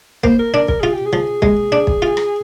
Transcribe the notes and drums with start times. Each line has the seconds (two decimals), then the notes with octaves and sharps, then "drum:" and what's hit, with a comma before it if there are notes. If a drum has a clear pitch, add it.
0.24 A#3 C5, drum: kick
0.39 A#4
0.54 D4 A#4
0.68 A#4, drum: kick
0.81 F4 G#4
0.93 G4
1.06 G#4
1.13 F3
1.42 G#3 G#4, drum: kick
1.72 D4
1.87 drum: kick
2.02 F4
2.17 drum: rim click